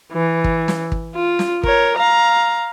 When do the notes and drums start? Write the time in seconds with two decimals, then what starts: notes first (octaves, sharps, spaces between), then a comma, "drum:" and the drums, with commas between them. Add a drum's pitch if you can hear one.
0.12 E3
0.44 drum: kick
0.68 drum: snare
0.92 drum: kick
1.15 F4
1.39 drum: snare
1.63 A#4 C#5, drum: kick
1.97 F5 A#5